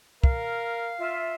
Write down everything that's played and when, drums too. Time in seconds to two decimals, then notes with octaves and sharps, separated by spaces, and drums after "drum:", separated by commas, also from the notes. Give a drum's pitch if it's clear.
0.24 A#4 F5, drum: kick
0.98 F4 E5